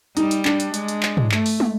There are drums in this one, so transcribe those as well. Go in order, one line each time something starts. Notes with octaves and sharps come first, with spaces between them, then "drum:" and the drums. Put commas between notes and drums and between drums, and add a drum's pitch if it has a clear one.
G3 D#4, drum: hi-hat
drum: hi-hat
D4, drum: clap
drum: hi-hat
G#3, drum: hi-hat
drum: hi-hat
drum: clap
drum: tom
A3, drum: clap
drum: open hi-hat
drum: tom